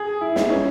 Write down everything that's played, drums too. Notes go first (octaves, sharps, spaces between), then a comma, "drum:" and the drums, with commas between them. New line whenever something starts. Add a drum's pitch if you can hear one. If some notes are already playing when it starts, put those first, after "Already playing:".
Already playing: G#4
E4
D#4, drum: snare
C#4